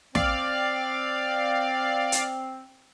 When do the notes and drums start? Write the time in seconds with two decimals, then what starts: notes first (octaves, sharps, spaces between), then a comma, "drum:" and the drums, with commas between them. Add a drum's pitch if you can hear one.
0.15 C4 D5 F5, drum: snare
2.12 drum: hi-hat